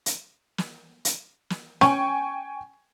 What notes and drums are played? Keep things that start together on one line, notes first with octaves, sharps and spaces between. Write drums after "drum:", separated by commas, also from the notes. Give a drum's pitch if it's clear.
drum: hi-hat
drum: snare
drum: hi-hat
drum: snare
C#4 G5 G#5 C#6, drum: snare